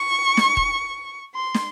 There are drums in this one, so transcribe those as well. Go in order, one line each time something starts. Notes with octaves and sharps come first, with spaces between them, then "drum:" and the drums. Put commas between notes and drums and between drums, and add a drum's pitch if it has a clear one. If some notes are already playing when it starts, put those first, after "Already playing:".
Already playing: C#6
drum: snare
drum: kick D#1
C6
drum: snare